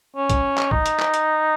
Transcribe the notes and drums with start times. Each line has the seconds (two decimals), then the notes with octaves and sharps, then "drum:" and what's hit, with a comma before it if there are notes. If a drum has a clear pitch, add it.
0.16 C#4
0.30 drum: kick, hi-hat
0.58 drum: clap
0.71 D#4, drum: kick
0.86 drum: hi-hat
1.00 drum: clap
1.14 drum: hi-hat